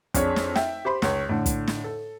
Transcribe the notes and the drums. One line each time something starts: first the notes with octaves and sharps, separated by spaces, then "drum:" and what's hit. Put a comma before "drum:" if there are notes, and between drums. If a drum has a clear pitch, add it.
F2 D4 G#4 C#5, drum: kick, hi-hat
drum: snare
E5 G5, drum: snare
G4 C5 B5 C6
C#2 C#5, drum: snare
A2 D3
drum: kick, hi-hat
drum: snare
A4